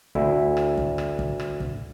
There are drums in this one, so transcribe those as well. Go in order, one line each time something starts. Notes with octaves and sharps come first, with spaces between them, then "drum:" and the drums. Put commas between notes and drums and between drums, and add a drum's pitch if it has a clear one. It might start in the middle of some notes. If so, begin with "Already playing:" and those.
D2 E4, drum: kick
drum: rim click
drum: kick
drum: rim click
drum: kick
drum: rim click
drum: kick